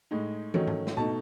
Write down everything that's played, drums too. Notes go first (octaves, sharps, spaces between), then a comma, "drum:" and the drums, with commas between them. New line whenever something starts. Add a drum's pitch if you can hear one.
A2 G#3 D#4
D#3 F#3 A3 C#4, drum: tom
drum: tom
drum: snare
B2 A3 D#4 A5